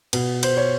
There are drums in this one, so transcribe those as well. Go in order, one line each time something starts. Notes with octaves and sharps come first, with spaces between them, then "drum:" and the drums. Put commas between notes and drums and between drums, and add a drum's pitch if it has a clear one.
B2, drum: cymbal
C5, drum: cymbal
C#5